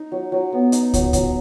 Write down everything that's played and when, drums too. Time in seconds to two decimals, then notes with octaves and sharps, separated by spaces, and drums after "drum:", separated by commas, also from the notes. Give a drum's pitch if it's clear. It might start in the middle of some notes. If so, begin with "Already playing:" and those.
Already playing: D#4
0.12 F#3
0.32 F#3
0.52 B3
0.72 D#4, drum: hi-hat
0.94 F#3, drum: kick, hi-hat
1.13 F#3, drum: kick, hi-hat